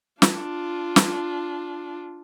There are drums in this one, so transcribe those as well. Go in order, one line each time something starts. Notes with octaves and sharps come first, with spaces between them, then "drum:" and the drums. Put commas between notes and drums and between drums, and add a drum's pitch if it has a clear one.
D4 F4, drum: snare
drum: snare